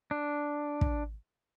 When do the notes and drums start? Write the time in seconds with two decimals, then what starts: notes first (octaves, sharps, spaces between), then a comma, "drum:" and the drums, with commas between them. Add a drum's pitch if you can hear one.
0.11 D4
0.81 drum: kick